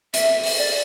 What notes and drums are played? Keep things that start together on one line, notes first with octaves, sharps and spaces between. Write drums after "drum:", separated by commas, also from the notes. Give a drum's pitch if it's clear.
E5, drum: hi-hat
drum: open hi-hat
D5